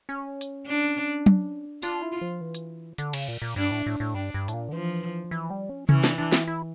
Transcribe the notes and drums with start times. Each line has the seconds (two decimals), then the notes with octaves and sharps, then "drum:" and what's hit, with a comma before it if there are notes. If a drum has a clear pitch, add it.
0.09 C#4
0.41 drum: hi-hat
0.67 D4
1.26 drum: tom F#3
1.82 D4 F4, drum: tambourine
2.02 E4
2.12 F4
2.21 F3
2.41 E3
2.55 drum: hi-hat
2.98 D3, drum: hi-hat
3.13 C#3, drum: cymbal
3.28 A#2
3.42 A#2
3.56 G2 D4
3.71 A2
3.86 A2
4.00 A2
4.14 G2 D4
4.34 G2
4.48 A2, drum: hi-hat
4.53 A#2
4.69 D3
4.72 E3 F3
5.31 E3
5.50 G3
5.69 C#4
5.89 E3 C#4, drum: tom C3
6.04 D4, drum: snare
6.18 D4
6.32 E4, drum: snare
6.47 E4